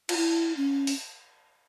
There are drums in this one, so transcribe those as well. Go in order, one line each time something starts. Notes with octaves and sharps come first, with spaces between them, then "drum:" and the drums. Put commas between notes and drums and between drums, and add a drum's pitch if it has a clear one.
F4, drum: cymbal
E4
C#4
drum: open hi-hat